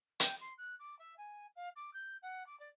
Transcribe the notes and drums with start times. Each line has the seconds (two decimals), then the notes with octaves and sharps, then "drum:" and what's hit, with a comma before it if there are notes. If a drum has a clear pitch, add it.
0.20 G5, drum: hi-hat
0.40 C6
0.58 F#6
0.79 D6
0.99 E5
1.17 G#5
1.56 F5
1.76 D6
1.93 G6
2.22 F#5
2.46 D6
2.59 D5